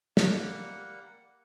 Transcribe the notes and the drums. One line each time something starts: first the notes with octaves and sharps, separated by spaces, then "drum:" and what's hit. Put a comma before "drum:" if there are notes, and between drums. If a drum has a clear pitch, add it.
G3 A#3 F#5, drum: snare